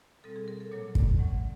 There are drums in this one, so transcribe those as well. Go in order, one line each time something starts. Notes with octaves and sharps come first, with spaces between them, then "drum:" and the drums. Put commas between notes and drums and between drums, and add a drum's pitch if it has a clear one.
B2 G3 C4 A4
G#4
A#4
A4
A#2 F#3 A#3 C#5
D5, drum: kick
A2 E3 G#3 C4 F#5